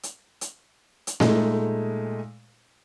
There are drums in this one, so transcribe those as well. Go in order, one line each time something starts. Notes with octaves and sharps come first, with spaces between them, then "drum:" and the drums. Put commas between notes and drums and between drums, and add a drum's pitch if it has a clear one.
drum: hi-hat
drum: hi-hat
drum: hi-hat
A#2 G#3 A3 D#4, drum: snare A3